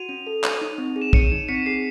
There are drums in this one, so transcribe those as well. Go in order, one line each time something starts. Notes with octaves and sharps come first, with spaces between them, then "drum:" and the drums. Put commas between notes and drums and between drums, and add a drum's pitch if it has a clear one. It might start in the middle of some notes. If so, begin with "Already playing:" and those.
Already playing: F#4 D#7 F7
C#4
A4
C#5, drum: clap
D#4
C4
G#4
E7
C#5 C#7 D#7, drum: kick
D#4
C4 B6 C#7
G#4 C7